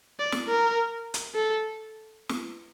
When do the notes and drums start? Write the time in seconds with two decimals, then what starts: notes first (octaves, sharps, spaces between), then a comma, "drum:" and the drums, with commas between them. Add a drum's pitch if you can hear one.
0.20 D5
0.32 drum: snare
0.48 A#4
1.14 drum: hi-hat
1.35 A4
2.29 drum: snare